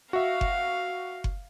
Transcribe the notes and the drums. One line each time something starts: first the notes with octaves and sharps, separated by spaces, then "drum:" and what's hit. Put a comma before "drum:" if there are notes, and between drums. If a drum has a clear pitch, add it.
F#4 E5 F5
drum: kick F#1
drum: kick F#1